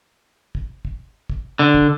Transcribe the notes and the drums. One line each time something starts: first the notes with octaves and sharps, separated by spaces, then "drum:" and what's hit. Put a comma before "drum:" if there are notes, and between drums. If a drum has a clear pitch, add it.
drum: kick
drum: kick
drum: kick
D3
drum: kick